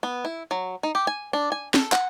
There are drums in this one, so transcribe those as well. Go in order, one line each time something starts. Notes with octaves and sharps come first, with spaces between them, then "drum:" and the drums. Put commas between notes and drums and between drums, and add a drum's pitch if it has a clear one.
B3
E4
F#3
D#4
G4
G#5
D4
G#5
A4, drum: snare
F#5, drum: clap